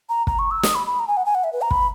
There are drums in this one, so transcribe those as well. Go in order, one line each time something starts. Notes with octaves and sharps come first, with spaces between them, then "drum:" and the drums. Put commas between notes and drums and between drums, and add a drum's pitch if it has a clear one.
A#5
A#5, drum: kick
C#6
E6
D#6, drum: snare
B5
B5
A#5
G#5
F#5
G#5
F#5
E5
B4
A#5
B5, drum: kick